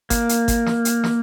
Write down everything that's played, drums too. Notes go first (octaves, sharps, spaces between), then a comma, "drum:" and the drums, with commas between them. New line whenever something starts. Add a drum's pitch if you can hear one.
A#3, drum: kick G1, hi-hat
drum: hi-hat
drum: kick G1, hi-hat
drum: snare
drum: hi-hat
drum: snare